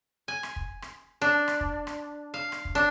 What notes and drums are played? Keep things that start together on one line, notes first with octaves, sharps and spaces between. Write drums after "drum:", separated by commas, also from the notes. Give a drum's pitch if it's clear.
G#5
drum: rim click
drum: kick
drum: rim click
D4
drum: rim click
drum: kick
drum: rim click
F5
drum: rim click
drum: kick
D4